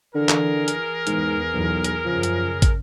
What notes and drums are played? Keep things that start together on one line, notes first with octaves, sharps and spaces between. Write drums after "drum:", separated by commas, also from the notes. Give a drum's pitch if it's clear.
D3 E3 G#4 A#4
drum: clap
drum: hi-hat
E2 G#2, drum: hi-hat
B1 E2
drum: hi-hat
F#2 C#3 F3
drum: hi-hat
drum: kick, hi-hat